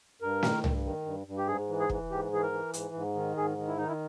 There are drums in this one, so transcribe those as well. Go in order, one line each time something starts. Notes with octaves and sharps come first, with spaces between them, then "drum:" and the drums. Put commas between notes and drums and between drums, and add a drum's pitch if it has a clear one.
G2 A#4
D#3, drum: snare
G2, drum: tom C2
D#3
G2
G2
G4
G#2 G#4
E3
G#4
E3, drum: kick
G#2 G4
E3 G#4
A#4
E3
G#2, drum: hi-hat
G#2
D#3
G#2 G#4
D#3
E4
D#3 D#4
E4